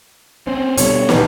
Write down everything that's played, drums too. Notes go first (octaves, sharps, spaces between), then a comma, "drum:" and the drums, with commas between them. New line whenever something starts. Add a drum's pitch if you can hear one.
C4 C#4 C5
B2 D3 G3 C#5, drum: hi-hat
D#1 A1 B3, drum: snare